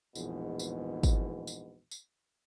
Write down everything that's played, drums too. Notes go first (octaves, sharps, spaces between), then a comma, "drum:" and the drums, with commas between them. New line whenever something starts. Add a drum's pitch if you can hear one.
A#1 E2 G#2 B2, drum: tambourine
drum: tambourine
drum: kick, tambourine
drum: tambourine
drum: tambourine